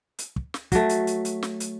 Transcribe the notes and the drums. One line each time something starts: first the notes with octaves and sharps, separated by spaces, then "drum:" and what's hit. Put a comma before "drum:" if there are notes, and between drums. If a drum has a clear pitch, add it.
drum: hi-hat
drum: kick
drum: snare
F#3 A3, drum: kick, hi-hat
drum: hi-hat
drum: hi-hat
drum: hi-hat
drum: snare
drum: hi-hat